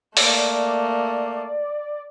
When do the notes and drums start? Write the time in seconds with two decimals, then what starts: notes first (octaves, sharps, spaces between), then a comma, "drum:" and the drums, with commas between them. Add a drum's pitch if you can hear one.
0.17 A3 A#3 D5, drum: open hi-hat